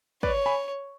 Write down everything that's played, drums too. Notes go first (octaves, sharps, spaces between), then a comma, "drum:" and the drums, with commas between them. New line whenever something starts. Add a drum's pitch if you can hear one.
B4 C#5 D5, drum: kick
G#5 B5